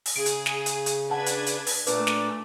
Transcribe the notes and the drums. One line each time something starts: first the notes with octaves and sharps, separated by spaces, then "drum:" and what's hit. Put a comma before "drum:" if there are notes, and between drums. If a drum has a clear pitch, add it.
drum: open hi-hat
C#3 G#4 D7
drum: hi-hat
drum: snare
drum: hi-hat
drum: hi-hat
D4 B4 F#5 A5 G#6
drum: hi-hat
drum: hi-hat
drum: open hi-hat
A#2 A3 D4 B4 D6, drum: hi-hat
drum: snare